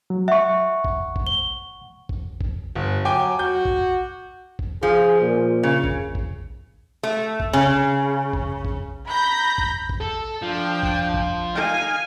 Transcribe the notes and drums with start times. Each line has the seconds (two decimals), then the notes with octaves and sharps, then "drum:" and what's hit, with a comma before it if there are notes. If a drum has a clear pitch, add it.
0.10 F#3
0.28 E5 F#5 C#6
0.85 drum: kick G#1
1.16 drum: kick G#1
1.27 G7
2.09 drum: kick G#1
2.41 drum: kick G#1
2.75 G1
3.05 F#3 G5 G#5 D6
3.39 F#4 G6
3.65 drum: kick G#1
4.59 drum: kick G#1
4.83 F3 G#4
5.21 A#2
5.63 C#3
5.84 drum: kick G#1
6.15 drum: kick G#1
7.03 A3
7.40 drum: kick G#1
7.53 C#3
8.33 drum: kick G#1
8.65 drum: kick G#1
9.06 A#5 B5 G6 A#6
9.58 drum: kick G#1
9.89 drum: kick G#1
10.01 A4
10.42 F3 D4 G5
10.83 drum: kick G#1
11.14 drum: kick G#1
11.55 D#4 F5 G#5